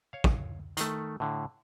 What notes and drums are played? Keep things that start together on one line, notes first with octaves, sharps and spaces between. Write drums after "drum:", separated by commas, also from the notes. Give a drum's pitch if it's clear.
C#5 F5
drum: kick
D#3 A3, drum: hi-hat
A2 D3